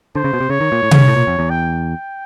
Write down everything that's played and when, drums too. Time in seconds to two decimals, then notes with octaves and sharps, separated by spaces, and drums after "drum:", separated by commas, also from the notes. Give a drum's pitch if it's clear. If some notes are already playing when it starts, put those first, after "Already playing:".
0.15 D3 C5
0.24 C#3
0.33 B2
0.41 C3
0.50 C#3 C#5
0.60 D#3
0.72 A#2
0.83 A2
0.91 G#2, drum: tom C3
1.00 G2
1.08 A2
1.16 A#2
1.27 F2
1.39 E2
1.50 G5